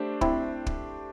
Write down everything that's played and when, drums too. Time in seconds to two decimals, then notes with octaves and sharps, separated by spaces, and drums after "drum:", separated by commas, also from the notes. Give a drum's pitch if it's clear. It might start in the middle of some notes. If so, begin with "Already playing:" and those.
Already playing: A3 D4 G4 C5
0.21 C4 E4, drum: kick
0.67 drum: kick